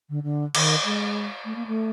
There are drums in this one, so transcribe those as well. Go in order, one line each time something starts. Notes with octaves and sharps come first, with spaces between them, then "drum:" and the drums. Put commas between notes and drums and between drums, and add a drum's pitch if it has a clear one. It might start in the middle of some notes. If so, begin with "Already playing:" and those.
D3
D3
D#3, drum: cymbal
G#3
A3
A#3
A3